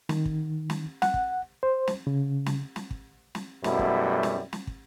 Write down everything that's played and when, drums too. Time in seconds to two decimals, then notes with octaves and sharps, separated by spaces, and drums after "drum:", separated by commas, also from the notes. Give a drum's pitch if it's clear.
0.09 D#3, drum: snare
0.25 drum: kick
0.70 drum: snare
1.02 F#5, drum: snare
1.14 drum: kick
1.63 C5
1.87 drum: snare
2.07 C#3
2.46 drum: snare
2.76 drum: snare
2.91 drum: kick
3.35 drum: snare
3.64 F#2 B2 G3 A3 E4, drum: snare
3.79 drum: kick
4.23 drum: snare
4.53 drum: snare
4.67 drum: kick